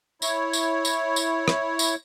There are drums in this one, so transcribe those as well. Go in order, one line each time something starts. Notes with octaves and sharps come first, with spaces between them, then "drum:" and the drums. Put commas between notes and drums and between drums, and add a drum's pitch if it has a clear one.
E4 C#5, drum: tambourine
drum: tambourine
drum: tambourine
drum: tambourine
drum: rim click
drum: tambourine